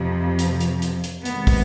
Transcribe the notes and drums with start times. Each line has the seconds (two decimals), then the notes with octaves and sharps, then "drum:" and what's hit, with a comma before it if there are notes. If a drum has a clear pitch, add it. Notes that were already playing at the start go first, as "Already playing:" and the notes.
Already playing: F2 C3 F3
0.39 drum: hi-hat
0.60 drum: hi-hat
0.82 drum: hi-hat
1.04 drum: hi-hat
1.25 C3 D#3 G#3 B3, drum: hi-hat
1.47 drum: kick, open hi-hat